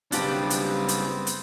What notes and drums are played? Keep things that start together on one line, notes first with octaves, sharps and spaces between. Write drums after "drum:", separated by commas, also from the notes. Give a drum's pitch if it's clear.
F#1 G3 B3 C4 D4 F4 G4 G5, drum: hi-hat
drum: hi-hat
drum: hi-hat
drum: hi-hat